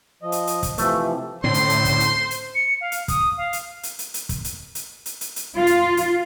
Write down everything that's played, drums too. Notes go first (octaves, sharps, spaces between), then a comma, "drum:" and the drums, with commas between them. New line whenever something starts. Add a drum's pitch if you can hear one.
F3 D#5
drum: hi-hat
drum: hi-hat
drum: kick, hi-hat
C3 E3 F3 A3, drum: hi-hat
A2 D3 C4 C#4 C5 C6
drum: hi-hat
drum: hi-hat
drum: kick, hi-hat
drum: hi-hat
drum: hi-hat
C#7
F5
drum: hi-hat
D#6, drum: kick, hi-hat
F5
drum: hi-hat
drum: hi-hat
drum: hi-hat
drum: hi-hat
drum: kick, hi-hat
drum: hi-hat
drum: hi-hat
drum: hi-hat
drum: hi-hat
drum: hi-hat
F4
drum: hi-hat
drum: hi-hat